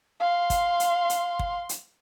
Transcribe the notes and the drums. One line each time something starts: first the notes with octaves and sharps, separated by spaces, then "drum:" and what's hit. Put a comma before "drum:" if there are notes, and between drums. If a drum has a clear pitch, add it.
F5 C6
drum: kick, hi-hat
drum: hi-hat
drum: hi-hat
drum: kick
drum: hi-hat